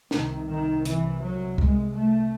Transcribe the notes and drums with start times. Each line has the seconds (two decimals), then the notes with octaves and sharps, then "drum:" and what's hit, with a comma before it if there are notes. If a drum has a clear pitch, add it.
0.11 C2 C3 D#3, drum: snare
0.48 D#3
0.85 E3, drum: hi-hat
1.21 F#3
1.58 G#3, drum: kick C2
1.94 A3